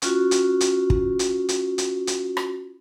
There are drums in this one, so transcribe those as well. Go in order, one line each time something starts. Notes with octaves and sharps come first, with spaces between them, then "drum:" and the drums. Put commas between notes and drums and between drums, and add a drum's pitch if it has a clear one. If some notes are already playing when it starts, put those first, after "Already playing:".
C#4 F4 F#4, drum: hi-hat
drum: hi-hat
drum: hi-hat
drum: kick
drum: hi-hat
drum: hi-hat
drum: hi-hat
drum: hi-hat
drum: rim click